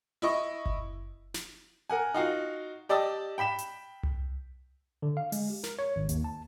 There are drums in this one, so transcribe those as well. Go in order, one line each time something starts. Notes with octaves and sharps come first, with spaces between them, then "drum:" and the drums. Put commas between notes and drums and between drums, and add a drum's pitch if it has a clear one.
E4 D#5 C#6
drum: kick F#1
drum: snare
A#4 F#5 G#5
D#4 F4 F#4
G4 D5 D#5 A5 E6
G5 B5 B6 E7
drum: hi-hat
drum: tom C2
D3
F5
G#3, drum: open hi-hat
G4
A#4, drum: snare
C#5
G#1
D#2, drum: hi-hat
A5